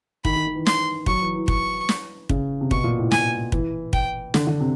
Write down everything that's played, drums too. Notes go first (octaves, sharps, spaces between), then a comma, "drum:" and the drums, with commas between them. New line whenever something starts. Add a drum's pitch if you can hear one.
D#3 B5, drum: kick
D#3
D#3
E3
C6, drum: snare
F#3 C#6, drum: kick
E3
E3
C#6, drum: kick
drum: snare
C#3, drum: kick
C3
B2 C#6, drum: kick
A#2
A2
A#2 G#5, drum: snare
E3, drum: kick
G5, drum: kick
D3, drum: snare
D3
C3